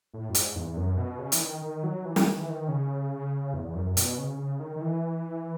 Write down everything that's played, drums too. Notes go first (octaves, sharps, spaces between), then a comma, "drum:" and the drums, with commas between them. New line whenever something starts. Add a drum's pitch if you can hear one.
A2
F#2
G#2, drum: hi-hat
E2
F#2
B2
C#3
E3, drum: hi-hat
D#3
D#3
F#3
E3
drum: snare
D#3
E3
D#3
C#3
E2
E2
F#2
F#2
B2, drum: hi-hat
C#3
C#3
D#3
D#3
E3